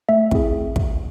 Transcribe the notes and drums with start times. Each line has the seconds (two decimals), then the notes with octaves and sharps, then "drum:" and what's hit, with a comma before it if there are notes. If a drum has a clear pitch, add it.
0.09 A3 E5
0.31 C4 E4 G#4, drum: kick
0.76 drum: kick